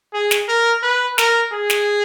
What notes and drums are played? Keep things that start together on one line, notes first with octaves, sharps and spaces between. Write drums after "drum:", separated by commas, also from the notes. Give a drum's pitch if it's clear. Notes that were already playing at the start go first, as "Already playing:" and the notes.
G#4
drum: snare
A#4
B4
A#4, drum: snare
G#4
drum: snare